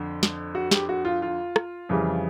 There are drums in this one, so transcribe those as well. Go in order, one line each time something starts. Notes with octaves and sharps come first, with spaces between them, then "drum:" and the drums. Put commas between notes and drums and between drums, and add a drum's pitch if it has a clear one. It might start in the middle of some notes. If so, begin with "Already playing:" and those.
Already playing: F2 D3
drum: snare
F#4
G4, drum: snare
F#4
F4
F4
drum: rim click
F2 C#3 E3 G3